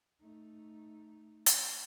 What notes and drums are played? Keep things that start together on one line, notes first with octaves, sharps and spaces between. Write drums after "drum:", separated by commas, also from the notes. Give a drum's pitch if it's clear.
A3 D#4
drum: hi-hat